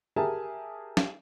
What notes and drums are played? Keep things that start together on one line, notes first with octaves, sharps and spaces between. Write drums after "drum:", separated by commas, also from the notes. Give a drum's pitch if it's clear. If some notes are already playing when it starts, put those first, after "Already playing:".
G4 G#4 A#4 E5 G#5 A5
drum: snare